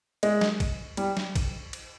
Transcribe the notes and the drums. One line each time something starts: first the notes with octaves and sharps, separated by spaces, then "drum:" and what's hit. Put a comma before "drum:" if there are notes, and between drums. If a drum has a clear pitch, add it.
G#3, drum: cymbal
drum: snare
drum: kick A1, cymbal
G3, drum: cymbal
drum: snare
drum: kick A1, cymbal
drum: cymbal